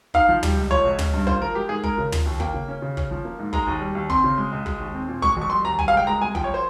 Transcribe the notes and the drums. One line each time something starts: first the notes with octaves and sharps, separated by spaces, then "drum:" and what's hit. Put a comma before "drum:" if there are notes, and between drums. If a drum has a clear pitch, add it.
D#4 F5, drum: kick
F3
G3, drum: tom
C#2
F3 C#5, drum: kick
C#2
C#4, drum: tom
G2
F4 C5, drum: kick
F3 A#4
G#3 G4
G#2 G#4
G#3 A#4, drum: kick
C#3
F3, drum: tom
D#2
A#3 G5, drum: kick
C#3
C#4
C#3
C#4, drum: kick
F3
A#3
G#2
G#3 A#5, drum: kick
D#2
G3
D#2
C4 C6, drum: kick
C#3
G#3
C#2
G#3, drum: kick
D#2
C4
A#2
G#3 C#6, drum: kick
F2 C#6
G3 C6
D#2 A#5
G3 G#5, drum: kick
F5
C#2 G5
G#3 A#5
C2 G#5
F3 G5, drum: kick
C#5
C5